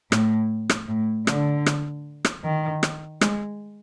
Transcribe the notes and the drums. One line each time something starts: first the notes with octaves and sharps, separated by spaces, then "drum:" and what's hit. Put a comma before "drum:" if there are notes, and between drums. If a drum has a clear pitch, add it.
A2, drum: rim click
drum: rim click
A2
D3, drum: rim click
drum: rim click
drum: rim click
D#3
drum: rim click
G#3, drum: rim click